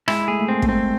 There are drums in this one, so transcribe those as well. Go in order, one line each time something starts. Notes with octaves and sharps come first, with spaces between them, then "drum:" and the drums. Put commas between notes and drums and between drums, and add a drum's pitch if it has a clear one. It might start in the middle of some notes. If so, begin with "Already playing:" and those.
G#3 E4, drum: rim click
A3 G#4
A3
A#3 C4
A3, drum: kick
G#3 C4